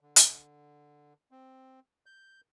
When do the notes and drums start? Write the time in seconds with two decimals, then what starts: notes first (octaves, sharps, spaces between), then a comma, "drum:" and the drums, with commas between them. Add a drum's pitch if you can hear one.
0.01 D3
0.16 drum: hi-hat
1.31 C4
2.06 G6